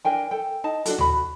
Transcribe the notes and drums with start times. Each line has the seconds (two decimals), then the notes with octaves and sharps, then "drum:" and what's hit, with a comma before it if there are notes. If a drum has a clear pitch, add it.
0.05 D4 A#4 G5 G#5
0.31 A4 G5
0.64 D#4 A5
0.86 D4 F#4 A4, drum: hi-hat
0.98 F#4 B5, drum: tom D2